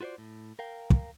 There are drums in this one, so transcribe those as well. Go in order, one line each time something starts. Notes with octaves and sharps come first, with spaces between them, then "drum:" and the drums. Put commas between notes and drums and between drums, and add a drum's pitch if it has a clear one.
F4 F#4 B4 C5 D5
A2
A#4 F5 G5
drum: kick